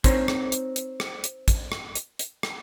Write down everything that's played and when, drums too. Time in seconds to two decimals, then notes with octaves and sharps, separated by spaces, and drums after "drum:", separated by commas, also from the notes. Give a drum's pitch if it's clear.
0.04 C4 D#4 C5 C#5, drum: kick, hi-hat
0.28 drum: rim click
0.52 drum: hi-hat
0.76 drum: hi-hat
1.00 drum: rim click
1.24 drum: hi-hat
1.48 drum: kick, hi-hat
1.72 drum: rim click
1.96 drum: hi-hat
2.19 drum: hi-hat
2.43 drum: rim click